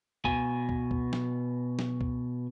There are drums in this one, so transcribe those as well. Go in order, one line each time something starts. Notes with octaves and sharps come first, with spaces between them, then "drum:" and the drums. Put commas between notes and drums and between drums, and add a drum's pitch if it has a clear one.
B2 G#5, drum: kick
drum: kick
drum: kick
drum: snare
drum: snare
drum: kick